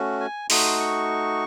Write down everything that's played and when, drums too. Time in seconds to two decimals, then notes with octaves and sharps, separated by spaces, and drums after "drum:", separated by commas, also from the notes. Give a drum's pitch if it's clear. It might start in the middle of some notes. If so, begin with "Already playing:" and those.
Already playing: A3 C#4 F#4
0.20 G#5
0.50 A3 D#4 F#4 C6, drum: open hi-hat
0.80 C#6